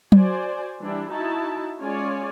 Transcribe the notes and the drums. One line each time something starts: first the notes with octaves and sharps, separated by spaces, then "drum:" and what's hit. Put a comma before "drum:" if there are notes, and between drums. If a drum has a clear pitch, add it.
F#4 C5 D5 G#5, drum: tom F#3
E3 G3 D4 E4
D#4 E4 F#4 A5
G#3 C#4 F4 C#5 D5 G#5